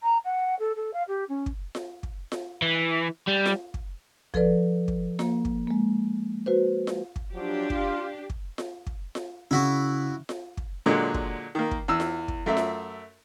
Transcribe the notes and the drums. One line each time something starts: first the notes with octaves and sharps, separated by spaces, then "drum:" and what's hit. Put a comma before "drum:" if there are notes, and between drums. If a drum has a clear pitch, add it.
A#5
F#5
A4
A4
F5
G4
C#4
drum: kick
drum: snare F4
drum: kick
drum: snare F4
E3
G3
drum: snare F4
drum: kick
F3 A4 B4 D5, drum: kick
drum: kick
A#3, drum: snare F4
drum: kick
G#3 A#3
F#4 B4 C5
drum: snare F4
drum: kick
F3 F#3 D4 G4
F4, drum: kick
drum: kick
drum: snare F4
drum: kick
drum: snare F4
C#3 E4 F#4
drum: snare F4
drum: kick
A#2 D3 F#3 G#3
drum: kick
D#3 A#3
drum: kick
E2 E6
drum: snare F4
drum: kick
F#2 A3 E5
drum: snare F4